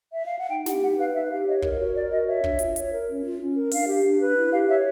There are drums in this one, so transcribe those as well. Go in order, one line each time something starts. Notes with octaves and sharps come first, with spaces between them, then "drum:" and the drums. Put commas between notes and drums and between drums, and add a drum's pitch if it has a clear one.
E5
F5
F#5
D#4 G5
G4 F#5, drum: snare
D#4 F#5
B4 F5
D#4 E5
G4 F5
C#5 D#5
A#4, drum: kick
F#4 C#5
A#4 D5
F#4 D#5
C#5 E5
D4, drum: kick
F4, drum: hi-hat
C#5, drum: hi-hat
A#4
C#4
F4
C#4
A#4
D4 F5, drum: open hi-hat
G4
D4
B4
E4
G4 F5
C#5 E5